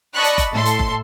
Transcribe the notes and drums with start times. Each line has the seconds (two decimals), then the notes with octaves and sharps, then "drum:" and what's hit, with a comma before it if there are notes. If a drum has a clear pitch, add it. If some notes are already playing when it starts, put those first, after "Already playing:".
0.14 D5 D#5 A5 B5 C#6 F#6
0.24 drum: hi-hat
0.38 drum: kick F#1, hi-hat
0.52 A2 A4 C6
0.65 drum: hi-hat
0.79 drum: kick F#1